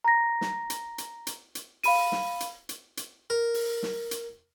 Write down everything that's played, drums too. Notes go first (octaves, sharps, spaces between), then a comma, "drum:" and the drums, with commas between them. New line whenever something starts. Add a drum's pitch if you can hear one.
A#5 A#6
drum: snare
drum: hi-hat
drum: hi-hat
drum: hi-hat
drum: hi-hat
F5 B5 D#7, drum: open hi-hat
drum: snare
drum: hi-hat
drum: hi-hat
drum: hi-hat
A#4
drum: open hi-hat
drum: snare
drum: hi-hat